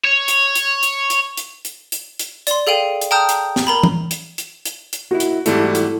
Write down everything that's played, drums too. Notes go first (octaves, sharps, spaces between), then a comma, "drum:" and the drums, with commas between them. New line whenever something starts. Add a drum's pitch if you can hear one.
C#5
drum: hi-hat
drum: hi-hat
drum: hi-hat
drum: hi-hat
drum: hi-hat
drum: hi-hat
drum: hi-hat
drum: hi-hat
D5 C6, drum: hi-hat
G#4 A4 F5 G5 D#7
drum: hi-hat
G5 A5 A#5 D#6 F6 G6
drum: hi-hat
drum: snare
A#4 A#5 B5
drum: tom
drum: hi-hat
drum: hi-hat
drum: hi-hat
drum: hi-hat
A#3 D#4 E4 F#4
drum: hi-hat
G#2 E3 G3 A3 C4 E4 A4, drum: hi-hat
drum: hi-hat